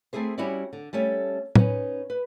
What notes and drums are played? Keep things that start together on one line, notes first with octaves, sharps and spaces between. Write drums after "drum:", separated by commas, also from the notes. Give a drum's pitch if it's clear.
A3 C4 E4 G#4 C5
G3 C#4 E4 F#4 C#5 D5
D3
G3 A3 C#4 A4
C#4 D#4 B4, drum: tom A2
B4